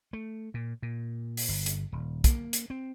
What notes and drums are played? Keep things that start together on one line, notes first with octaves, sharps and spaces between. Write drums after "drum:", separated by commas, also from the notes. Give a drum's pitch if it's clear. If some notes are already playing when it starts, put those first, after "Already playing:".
A3
A#2
A#2
drum: open hi-hat
G1
drum: hi-hat
D#1
A#3, drum: kick, hi-hat
drum: hi-hat
C4